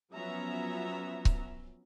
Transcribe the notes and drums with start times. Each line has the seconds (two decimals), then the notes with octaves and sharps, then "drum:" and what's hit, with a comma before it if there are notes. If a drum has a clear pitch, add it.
0.14 F3 F#3 B3 C#4 E5 A#5
1.25 drum: kick C#1